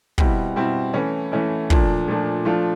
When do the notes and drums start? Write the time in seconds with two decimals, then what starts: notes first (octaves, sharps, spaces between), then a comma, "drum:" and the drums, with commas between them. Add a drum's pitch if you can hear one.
0.18 B2 G3 C4 E4, drum: kick
0.56 B2 G3 C4 E4
0.93 E3 A3 C#4 E4
1.32 E3 A3 C#4 E4
1.70 A#2 F3 A3 D4, drum: kick
2.08 A#2 F3 A3 D4
2.45 F3 A3 D4 F4